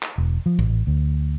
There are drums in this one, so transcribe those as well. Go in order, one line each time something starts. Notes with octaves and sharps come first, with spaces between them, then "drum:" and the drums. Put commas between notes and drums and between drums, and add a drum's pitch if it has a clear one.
drum: clap
E1
F3
A1, drum: kick
D2